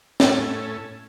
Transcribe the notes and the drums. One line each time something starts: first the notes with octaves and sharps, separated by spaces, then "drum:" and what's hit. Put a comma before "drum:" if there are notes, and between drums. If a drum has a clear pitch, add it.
A2 C#4 A4, drum: snare